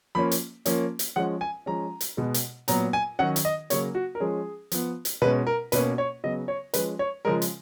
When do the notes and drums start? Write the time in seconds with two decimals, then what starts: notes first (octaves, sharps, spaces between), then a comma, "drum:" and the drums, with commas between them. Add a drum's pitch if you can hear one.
0.15 F3 A#3 C#4 B5
0.31 drum: hi-hat
0.66 F3 A#3 C#4, drum: hi-hat
0.99 drum: hi-hat
1.16 F3 G#3 C#4 F#5
1.41 G#5
1.66 F3 G#3 C#4 A#5
2.01 drum: hi-hat
2.17 B2 G#3 B3
2.34 drum: hi-hat
2.68 A#2 F#3 B3 A#5, drum: hi-hat
2.93 G#5
3.19 D#3 F#3 C#4 F#5
3.36 drum: hi-hat
3.45 D#5
3.70 C#3 F#3 A#3 C#5, drum: hi-hat
3.95 F#4
4.15 A#4
4.20 F3 G#3 C#4 G#4
4.72 F3 B3, drum: hi-hat
5.05 drum: hi-hat
5.22 B2 G#3 C#4 B4
5.47 A#4
5.72 B2 A#3 C#4 B4, drum: hi-hat
5.98 C#5
6.24 C#3 F#3 B3 D#5
6.48 C#5
6.74 F3 G#3 C#4 B4, drum: hi-hat
6.99 C#5
7.25 C#3 F3 G#3 A#4
7.42 drum: hi-hat